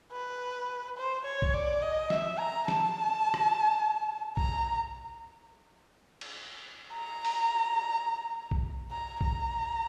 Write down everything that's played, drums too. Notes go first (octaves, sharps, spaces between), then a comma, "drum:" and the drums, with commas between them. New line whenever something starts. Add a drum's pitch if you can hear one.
B4
C5
C#5
drum: kick B1
D5
D#5
E5, drum: snare
A#5
A5, drum: snare
drum: rim click
A#5, drum: kick B1
drum: cymbal
A#5
drum: open hi-hat
drum: kick B1
A#5
A#5, drum: kick B1